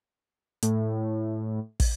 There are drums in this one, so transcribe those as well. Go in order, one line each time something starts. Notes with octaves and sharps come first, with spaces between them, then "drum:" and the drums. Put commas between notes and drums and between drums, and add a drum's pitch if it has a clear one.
A2, drum: hi-hat
drum: kick, open hi-hat